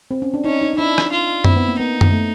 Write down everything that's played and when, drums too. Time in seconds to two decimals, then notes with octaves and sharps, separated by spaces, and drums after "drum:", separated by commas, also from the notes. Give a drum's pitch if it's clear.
0.11 C4
0.22 C#4
0.34 D4
0.44 C#4 D#4
0.62 D#4
0.73 D#4
0.78 D4 E4
0.98 drum: rim click
1.12 F4
1.44 C4 E4, drum: tom F#2
1.56 B3
1.68 A#3
1.78 B3 D#4
2.01 drum: tom F#2
2.11 A3